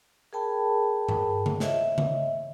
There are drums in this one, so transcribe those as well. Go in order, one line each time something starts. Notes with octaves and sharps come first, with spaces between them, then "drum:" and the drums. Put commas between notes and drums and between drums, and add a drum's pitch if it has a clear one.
G#4 A#4 G5 A5 B5
drum: tom G2
drum: tom C#3
C#5 D#5 E5, drum: snare
drum: tom C#3